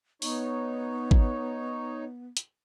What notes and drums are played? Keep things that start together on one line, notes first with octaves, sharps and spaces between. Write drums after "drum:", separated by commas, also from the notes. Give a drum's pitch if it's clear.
B3 D#4 C#5, drum: open hi-hat
drum: kick G#1
drum: hi-hat